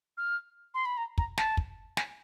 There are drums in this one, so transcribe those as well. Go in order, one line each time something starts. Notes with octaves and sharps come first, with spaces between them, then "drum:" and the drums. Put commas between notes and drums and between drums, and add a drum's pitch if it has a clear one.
F6
C6
B5
A#5
A#5, drum: kick
A5, drum: snare
drum: kick
G#5, drum: snare